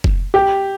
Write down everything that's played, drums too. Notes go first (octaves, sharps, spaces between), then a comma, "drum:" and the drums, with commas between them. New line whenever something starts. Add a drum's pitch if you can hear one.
drum: kick F1
G4